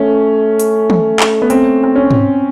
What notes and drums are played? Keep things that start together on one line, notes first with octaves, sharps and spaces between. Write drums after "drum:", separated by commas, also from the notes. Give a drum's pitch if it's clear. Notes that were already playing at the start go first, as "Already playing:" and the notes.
Already playing: A3 C#4
drum: hi-hat
drum: tom
drum: clap
B3
C4, drum: hi-hat
C4
C#4
drum: tom